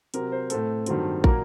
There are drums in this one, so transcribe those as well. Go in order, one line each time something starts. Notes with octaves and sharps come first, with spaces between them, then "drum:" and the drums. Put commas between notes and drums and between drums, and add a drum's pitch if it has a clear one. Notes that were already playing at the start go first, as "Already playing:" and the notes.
C3 F#3 C4 A#4, drum: hi-hat
C5
A2 A3 C4 A4, drum: hi-hat
G2 D#3 F#3 C4, drum: hi-hat
A#2 F#3 A#3 A#4, drum: kick